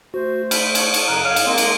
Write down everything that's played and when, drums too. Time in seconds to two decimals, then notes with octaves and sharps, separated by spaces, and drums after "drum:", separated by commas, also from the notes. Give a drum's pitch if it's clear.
0.14 A3 F#4 C5
0.51 B5 F6, drum: cymbal
0.75 C#5, drum: cymbal
0.94 drum: cymbal
1.08 F#2 C#3 A#5 F#6
1.24 F#2 C#5 F5 F6
1.36 drum: cymbal
1.46 G#3 A#3 C4 C6
1.58 drum: cymbal